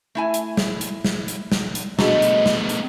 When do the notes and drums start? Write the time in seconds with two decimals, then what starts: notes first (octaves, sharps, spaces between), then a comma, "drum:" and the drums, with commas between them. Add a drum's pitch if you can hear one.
0.15 A3 E4 G#5
0.34 drum: hi-hat
0.57 drum: snare
0.81 drum: hi-hat
1.05 drum: snare
1.28 drum: hi-hat
1.52 drum: snare
1.75 drum: hi-hat
1.99 B2 A3 B3 D4 F#4 G#4 D#5, drum: snare
2.22 drum: hi-hat
2.46 drum: snare
2.69 drum: hi-hat